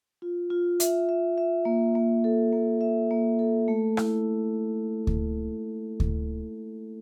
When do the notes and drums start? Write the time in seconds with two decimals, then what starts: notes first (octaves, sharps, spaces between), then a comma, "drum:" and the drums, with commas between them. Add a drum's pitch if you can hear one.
0.22 F4
0.50 F4
0.80 E5, drum: hi-hat
1.09 E5
1.38 E5
1.65 A#3
1.95 A#3
2.24 A4
2.53 A#3
2.81 E5
3.11 A#3
3.39 A4
3.68 A3
3.97 E4, drum: rim click
5.07 drum: kick D2
6.00 drum: kick D2